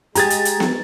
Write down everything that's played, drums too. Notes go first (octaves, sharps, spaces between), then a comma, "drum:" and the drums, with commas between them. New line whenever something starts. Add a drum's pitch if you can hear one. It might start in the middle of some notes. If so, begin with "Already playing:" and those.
G#3 G4 G#4 A#5 G#6 A6, drum: hi-hat
drum: hi-hat
drum: hi-hat
drum: snare B3